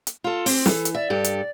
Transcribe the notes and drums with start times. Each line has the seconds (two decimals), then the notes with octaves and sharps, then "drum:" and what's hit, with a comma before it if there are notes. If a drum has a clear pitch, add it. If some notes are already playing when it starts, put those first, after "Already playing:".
0.07 drum: hi-hat
0.24 F4 A4
0.46 C4, drum: open hi-hat
0.66 E3 A4, drum: snare
0.85 drum: hi-hat
0.95 D5 E5
1.10 G2 G4 A4
1.24 drum: hi-hat